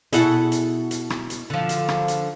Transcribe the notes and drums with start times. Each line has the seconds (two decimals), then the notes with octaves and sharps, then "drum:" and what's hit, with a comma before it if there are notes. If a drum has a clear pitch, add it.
0.13 B2 E4 G#4 A4 F#5, drum: hi-hat
0.52 drum: hi-hat
0.91 drum: hi-hat
1.10 drum: rim click
1.30 drum: hi-hat
1.50 D3 F3
1.69 drum: hi-hat
1.89 drum: rim click
2.08 drum: hi-hat